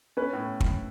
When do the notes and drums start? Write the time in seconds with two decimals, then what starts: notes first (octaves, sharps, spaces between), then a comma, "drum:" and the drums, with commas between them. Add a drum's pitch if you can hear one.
0.17 C#4 B4
0.33 A2
0.60 drum: kick